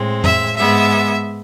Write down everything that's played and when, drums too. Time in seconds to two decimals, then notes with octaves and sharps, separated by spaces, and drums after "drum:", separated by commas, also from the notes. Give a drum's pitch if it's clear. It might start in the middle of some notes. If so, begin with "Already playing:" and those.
Already playing: A2 G#3 C4
0.24 E5, drum: tom F2
0.56 G#2 G#3 B3 E5